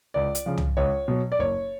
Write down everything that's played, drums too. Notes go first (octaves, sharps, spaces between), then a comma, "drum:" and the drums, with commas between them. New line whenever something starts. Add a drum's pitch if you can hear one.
C#2 D5
drum: hi-hat
C#3 F3
drum: tom
C#2 C#5
B2 F#3
D5
F#1 C#5